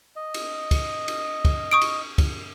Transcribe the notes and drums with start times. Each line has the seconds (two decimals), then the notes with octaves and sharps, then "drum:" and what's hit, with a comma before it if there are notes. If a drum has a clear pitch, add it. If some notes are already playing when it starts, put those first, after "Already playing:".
0.16 D#5
0.34 drum: cymbal
0.71 drum: kick, cymbal
1.08 drum: cymbal
1.45 drum: kick, cymbal
1.71 C#6 D#6 D7
1.81 drum: cymbal
2.18 drum: kick, cymbal